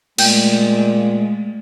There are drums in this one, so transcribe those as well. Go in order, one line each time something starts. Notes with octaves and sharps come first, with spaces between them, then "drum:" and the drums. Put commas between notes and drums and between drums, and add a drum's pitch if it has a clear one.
A#2 G#3 A3 G5 G6, drum: cymbal